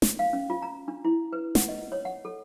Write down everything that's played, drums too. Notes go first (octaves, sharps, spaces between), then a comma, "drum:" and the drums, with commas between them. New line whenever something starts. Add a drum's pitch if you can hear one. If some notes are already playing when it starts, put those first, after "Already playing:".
drum: snare
F5
C#4
F4
A#5
D4
E4
B4
F#5, drum: snare
D#5
C#5
F#5
A4